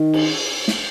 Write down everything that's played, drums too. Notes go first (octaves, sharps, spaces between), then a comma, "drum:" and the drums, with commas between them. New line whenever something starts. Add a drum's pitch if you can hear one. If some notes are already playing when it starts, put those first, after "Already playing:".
Already playing: D#3
drum: cymbal
drum: snare